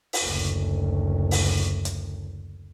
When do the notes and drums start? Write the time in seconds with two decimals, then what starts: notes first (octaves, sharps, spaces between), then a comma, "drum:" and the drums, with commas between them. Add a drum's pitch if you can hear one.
0.13 drum: open hi-hat
0.24 F#1 D2
1.31 drum: open hi-hat
1.85 drum: hi-hat